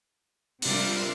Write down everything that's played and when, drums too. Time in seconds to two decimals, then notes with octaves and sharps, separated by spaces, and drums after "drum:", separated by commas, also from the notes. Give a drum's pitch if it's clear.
0.62 C3 G3 D4 F4 A#4, drum: open hi-hat